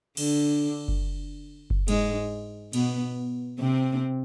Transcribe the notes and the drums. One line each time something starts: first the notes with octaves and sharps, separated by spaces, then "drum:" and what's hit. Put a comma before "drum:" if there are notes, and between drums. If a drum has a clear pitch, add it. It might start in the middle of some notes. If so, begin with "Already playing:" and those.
D3, drum: cymbal
drum: kick F#1
drum: kick F#1
G#2 G#3, drum: cymbal
B2 B3, drum: cymbal
C3 C4